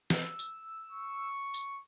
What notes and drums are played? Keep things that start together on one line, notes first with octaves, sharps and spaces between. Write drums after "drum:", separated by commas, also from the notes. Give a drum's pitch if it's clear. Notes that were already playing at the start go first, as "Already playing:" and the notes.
E6, drum: snare
drum: tambourine
C#6
drum: tambourine